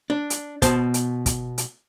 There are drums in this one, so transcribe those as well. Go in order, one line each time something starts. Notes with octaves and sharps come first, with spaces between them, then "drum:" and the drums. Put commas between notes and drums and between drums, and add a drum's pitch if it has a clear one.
D4
drum: hi-hat
B2 C5 A5, drum: kick, hi-hat
drum: hi-hat
drum: kick, hi-hat
drum: hi-hat